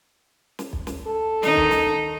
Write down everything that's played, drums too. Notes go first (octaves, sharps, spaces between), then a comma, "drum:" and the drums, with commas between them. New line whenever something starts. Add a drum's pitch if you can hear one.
drum: snare
drum: kick B1
drum: snare
A4
D#3 D#4, drum: snare
drum: kick B1
drum: snare